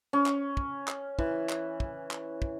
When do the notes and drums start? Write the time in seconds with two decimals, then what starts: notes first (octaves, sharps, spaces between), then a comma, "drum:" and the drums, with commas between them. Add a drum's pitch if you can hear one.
0.13 C#4
0.26 drum: clap
0.57 drum: kick
0.88 drum: clap
1.19 E3, drum: kick
1.49 drum: clap
1.80 drum: kick
2.11 drum: clap
2.42 drum: kick